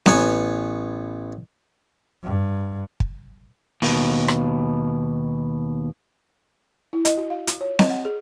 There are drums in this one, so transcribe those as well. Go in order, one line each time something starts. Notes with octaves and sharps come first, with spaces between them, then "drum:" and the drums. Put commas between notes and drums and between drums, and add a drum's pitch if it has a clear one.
A1 B3 C#5 G#5, drum: snare C4
G2
drum: kick
D#2 B2, drum: open hi-hat
drum: rim click
E4
D#5, drum: hi-hat
F#4
F5
F4, drum: hi-hat
C#5
D#5, drum: snare C4
F#5
G#4